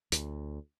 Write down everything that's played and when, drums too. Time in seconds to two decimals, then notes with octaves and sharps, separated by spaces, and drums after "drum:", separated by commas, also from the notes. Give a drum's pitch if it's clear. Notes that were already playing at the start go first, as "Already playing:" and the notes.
0.12 D2, drum: hi-hat